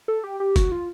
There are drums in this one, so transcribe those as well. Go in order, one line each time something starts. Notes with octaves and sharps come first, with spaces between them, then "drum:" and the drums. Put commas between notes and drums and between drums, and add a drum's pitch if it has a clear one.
A4
G4
G4
F#4, drum: kick, hi-hat
F4